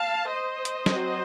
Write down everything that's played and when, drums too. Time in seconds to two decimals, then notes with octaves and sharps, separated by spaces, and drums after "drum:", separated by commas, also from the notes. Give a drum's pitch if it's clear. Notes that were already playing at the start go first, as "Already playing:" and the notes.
Already playing: F5 A5
0.30 C5 D#5
0.65 drum: hi-hat
0.86 F#3 C4, drum: snare